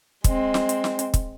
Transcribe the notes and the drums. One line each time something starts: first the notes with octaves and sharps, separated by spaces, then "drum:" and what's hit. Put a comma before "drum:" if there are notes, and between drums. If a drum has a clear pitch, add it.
G#3 C4, drum: kick, hi-hat
drum: snare
drum: hi-hat
drum: snare
drum: hi-hat
drum: kick, hi-hat